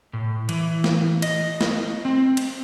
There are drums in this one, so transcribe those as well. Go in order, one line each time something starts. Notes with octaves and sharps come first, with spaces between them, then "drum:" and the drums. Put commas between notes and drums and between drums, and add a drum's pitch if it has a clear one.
A2
E3, drum: cymbal
drum: snare
D#5, drum: cymbal
drum: snare
C4
drum: cymbal